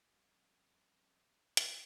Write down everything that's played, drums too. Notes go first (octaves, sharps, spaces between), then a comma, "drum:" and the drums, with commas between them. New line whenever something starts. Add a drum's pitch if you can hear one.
F3 G3 C4 C#4
drum: hi-hat